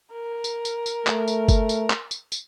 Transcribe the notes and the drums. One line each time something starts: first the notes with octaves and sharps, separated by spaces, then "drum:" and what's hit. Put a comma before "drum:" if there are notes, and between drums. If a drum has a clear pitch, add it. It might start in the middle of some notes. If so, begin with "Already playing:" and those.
A#4
drum: tambourine
drum: tambourine
drum: tambourine
A3, drum: clap
drum: tambourine
drum: kick F#1, tambourine
drum: tambourine
drum: clap
drum: tambourine
drum: tambourine